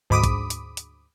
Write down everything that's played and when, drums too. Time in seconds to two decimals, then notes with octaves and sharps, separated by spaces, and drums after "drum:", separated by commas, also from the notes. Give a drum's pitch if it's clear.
0.10 D2 G#2 B5 D6 D#6
0.24 drum: kick, hi-hat
0.50 drum: hi-hat
0.77 drum: hi-hat